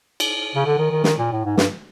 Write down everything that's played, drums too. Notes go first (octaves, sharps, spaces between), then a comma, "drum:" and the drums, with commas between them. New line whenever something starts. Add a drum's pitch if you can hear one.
drum: cymbal
C#3
D3
D#3
D#3
D#3, drum: snare
A#2
A2
G#2
G2, drum: snare